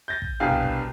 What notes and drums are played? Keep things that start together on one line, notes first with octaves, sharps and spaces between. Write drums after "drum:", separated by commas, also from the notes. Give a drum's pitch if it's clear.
G6 A6 A#6
drum: kick
C2 B2 D4 G4 F5 G#5
drum: kick
drum: kick